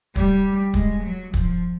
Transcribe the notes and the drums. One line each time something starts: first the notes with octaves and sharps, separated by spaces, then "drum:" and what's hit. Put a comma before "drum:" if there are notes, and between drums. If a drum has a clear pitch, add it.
G3, drum: kick
G#3, drum: kick
F#3
F3, drum: kick